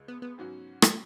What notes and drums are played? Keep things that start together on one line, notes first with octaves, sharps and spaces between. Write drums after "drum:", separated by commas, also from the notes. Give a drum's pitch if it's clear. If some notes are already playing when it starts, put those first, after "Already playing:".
Already playing: C#2 G#3
B3
B3
G#2 F#3 C#4 F#4
A3, drum: rim click